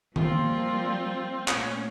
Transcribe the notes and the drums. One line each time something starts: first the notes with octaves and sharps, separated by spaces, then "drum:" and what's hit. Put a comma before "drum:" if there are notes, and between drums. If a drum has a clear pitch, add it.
F3 G3 A#3 C4 F4, drum: tom D#3
A#2 A3 C#4, drum: clap